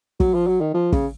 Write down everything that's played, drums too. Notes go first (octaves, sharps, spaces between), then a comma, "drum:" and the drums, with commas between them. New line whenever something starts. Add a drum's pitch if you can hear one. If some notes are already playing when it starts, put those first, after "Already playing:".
F#3, drum: kick
F3
F#3
D#3
F3
C#3, drum: kick